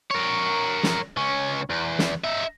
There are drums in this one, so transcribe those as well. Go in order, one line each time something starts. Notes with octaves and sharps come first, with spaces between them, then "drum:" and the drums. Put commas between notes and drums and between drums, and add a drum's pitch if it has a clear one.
A#4 C#5
drum: snare
C#2 C#4
E2
drum: snare
D#4 E5